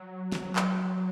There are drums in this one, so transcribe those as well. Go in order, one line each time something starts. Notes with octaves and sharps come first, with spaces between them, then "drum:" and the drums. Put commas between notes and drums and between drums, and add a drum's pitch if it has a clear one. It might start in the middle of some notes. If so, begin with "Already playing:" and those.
Already playing: F#3
drum: snare
F#3
drum: clap